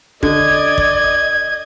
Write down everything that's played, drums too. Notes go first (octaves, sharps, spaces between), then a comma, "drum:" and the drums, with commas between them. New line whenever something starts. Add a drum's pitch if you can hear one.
D3 D5 D#5 G#6, drum: kick
drum: kick